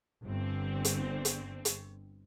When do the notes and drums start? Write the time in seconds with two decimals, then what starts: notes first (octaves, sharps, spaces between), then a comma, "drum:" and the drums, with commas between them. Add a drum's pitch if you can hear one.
0.24 G1 D3 C4
0.85 drum: hi-hat
1.25 drum: hi-hat
1.65 drum: hi-hat